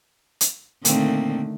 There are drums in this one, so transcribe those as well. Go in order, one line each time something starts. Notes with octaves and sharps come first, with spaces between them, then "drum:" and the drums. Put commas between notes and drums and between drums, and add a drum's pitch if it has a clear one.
drum: hi-hat
A#2 D3 D#3 A3 A#3 C4, drum: hi-hat